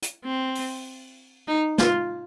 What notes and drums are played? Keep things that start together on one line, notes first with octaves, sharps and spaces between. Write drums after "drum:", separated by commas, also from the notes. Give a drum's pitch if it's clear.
drum: hi-hat
C4
drum: open hi-hat
D#4
F4, drum: snare